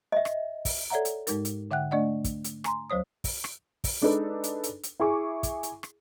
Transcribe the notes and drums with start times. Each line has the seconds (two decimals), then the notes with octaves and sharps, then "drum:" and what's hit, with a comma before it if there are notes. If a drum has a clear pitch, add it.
0.12 D#5 E5
0.25 drum: rim click
0.65 drum: kick, open hi-hat
0.90 A4 C#5 D5 E5 F#5 A#5
1.05 drum: hi-hat
1.27 G#2 G#3 D#4 A#4, drum: hi-hat
1.45 drum: hi-hat
1.71 D3 E5 F#5 G5 F#6
1.91 A3 D4 D5 D#5 F#5
2.24 drum: kick, hi-hat
2.44 drum: hi-hat
2.64 G#5 A#5 C6, drum: rim click
2.90 D2 F#3 C5 C#5 D#6
3.24 drum: kick, open hi-hat
3.44 drum: rim click
3.84 drum: kick, open hi-hat
4.01 G#3 D4 D#4 A4 B4
4.44 drum: hi-hat
4.63 drum: hi-hat
4.83 drum: hi-hat
5.00 E4 G#4 C#6 D6
5.43 drum: kick, hi-hat
5.63 drum: hi-hat
5.83 drum: rim click